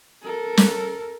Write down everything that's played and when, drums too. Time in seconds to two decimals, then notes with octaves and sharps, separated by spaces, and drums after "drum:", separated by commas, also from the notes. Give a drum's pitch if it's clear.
0.23 A4 A#4
0.57 drum: snare